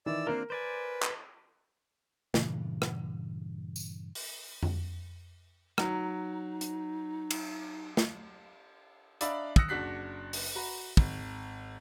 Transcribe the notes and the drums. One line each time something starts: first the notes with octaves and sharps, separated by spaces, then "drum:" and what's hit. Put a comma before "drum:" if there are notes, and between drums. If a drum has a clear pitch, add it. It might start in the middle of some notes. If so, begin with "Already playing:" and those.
D#3 E3 D5 E6
A#3 C4 D4 F4 A#4
B4 C5 D5 G#5
drum: clap
G2 A#2 C#3 E3, drum: snare
drum: rim click
drum: tambourine
drum: open hi-hat
drum: tom F2
F#3 D#4, drum: rim click
drum: hi-hat
drum: cymbal
drum: snare
D4 D#4 D5 E5 F5 B5, drum: hi-hat
D#6 E6 F#6 A#6 C#7, drum: kick
F#1 D4 F#4 F#6 B6 C7
drum: open hi-hat
F#4 A#5 B5
G#1, drum: kick